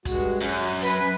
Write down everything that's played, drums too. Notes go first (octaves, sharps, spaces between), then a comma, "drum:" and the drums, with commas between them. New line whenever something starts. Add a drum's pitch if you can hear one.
G2 G#3 F#4, drum: kick, hi-hat
F#2 G#5
B4, drum: hi-hat